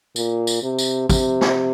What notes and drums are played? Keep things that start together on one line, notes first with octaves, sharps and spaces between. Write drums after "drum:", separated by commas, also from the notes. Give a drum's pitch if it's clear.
A#2, drum: tambourine
drum: tambourine
C3
drum: tambourine
C3, drum: kick, tambourine
drum: snare